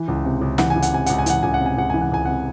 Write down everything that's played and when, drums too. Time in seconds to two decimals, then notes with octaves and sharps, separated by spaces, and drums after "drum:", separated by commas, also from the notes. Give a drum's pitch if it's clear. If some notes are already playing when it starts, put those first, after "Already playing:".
Already playing: E3
0.08 C#2
0.25 C3
0.41 C#2
0.58 E3 F#5, drum: snare
0.70 G#5
0.76 C#2
0.82 F#5, drum: hi-hat
0.93 C3 G#5
1.06 C#2 F#5, drum: hi-hat
1.19 G#5
1.26 E3 F#5, drum: hi-hat
1.43 C#2 G#5
1.54 F#5
1.60 C3
1.66 G#5
1.77 C#2 F#5
1.90 E3 G#5
2.01 F#5
2.11 C#2 G#5
2.25 C3 F#5